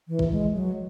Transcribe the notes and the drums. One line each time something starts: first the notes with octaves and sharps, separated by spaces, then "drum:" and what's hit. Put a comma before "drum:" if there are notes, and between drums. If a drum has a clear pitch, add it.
E3
drum: kick
G#3
F#3